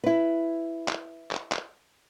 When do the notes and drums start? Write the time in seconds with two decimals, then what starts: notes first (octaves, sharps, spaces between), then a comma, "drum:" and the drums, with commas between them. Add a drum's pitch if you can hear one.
0.04 E4 B4
0.88 drum: clap
1.31 drum: clap
1.52 drum: clap